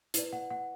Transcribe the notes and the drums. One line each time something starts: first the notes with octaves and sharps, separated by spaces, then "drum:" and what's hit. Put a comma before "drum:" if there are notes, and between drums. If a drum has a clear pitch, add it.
E4 B4 D5, drum: hi-hat
F#5
F#5